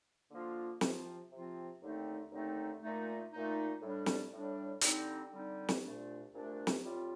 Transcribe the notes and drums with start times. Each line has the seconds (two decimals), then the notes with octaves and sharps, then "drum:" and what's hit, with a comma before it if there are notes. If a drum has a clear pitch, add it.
0.30 D3 F3 A#3 D4 F4
0.81 C3 F3 C4 F4, drum: snare
1.31 C3 F3 C4 F4
1.81 D#2 D3 A3 C4 D#4
2.31 D#2 D3 A3 C4 D#4
2.82 A#2 A3 D#4
3.31 A#2 A3 D#4
3.81 A2 G3 D4
4.06 drum: snare
4.32 A2 G3 D4
4.81 D3 G3 C4 D#4, drum: hi-hat
5.32 D3 G3 C4 D#4
5.69 drum: snare
5.82 C2 A#2 A3 D4
6.33 C2 A#2 A3 D4
6.67 drum: snare
6.82 A2 G3 C4 F4